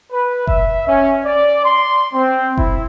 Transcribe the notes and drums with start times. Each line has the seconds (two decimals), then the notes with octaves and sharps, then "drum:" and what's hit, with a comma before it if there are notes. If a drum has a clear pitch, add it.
0.12 B4
0.47 E5, drum: kick F#1
0.88 C#4
1.25 D5
1.65 C6
2.13 C4
2.58 E4, drum: kick F#1